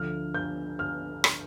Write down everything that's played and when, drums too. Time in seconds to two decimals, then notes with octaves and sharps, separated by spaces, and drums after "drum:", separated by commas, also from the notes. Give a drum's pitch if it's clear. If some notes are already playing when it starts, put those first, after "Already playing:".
Already playing: D2 D3 F3 F6
0.34 G6
0.79 F6
1.24 drum: rim click